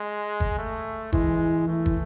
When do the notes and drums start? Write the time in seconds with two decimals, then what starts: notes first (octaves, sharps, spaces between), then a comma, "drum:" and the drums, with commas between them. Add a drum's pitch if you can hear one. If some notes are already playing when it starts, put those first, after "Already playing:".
Already playing: G#3
0.40 drum: kick
0.59 A3
1.13 E3 G#3, drum: kick
1.68 E3 A3
1.86 drum: kick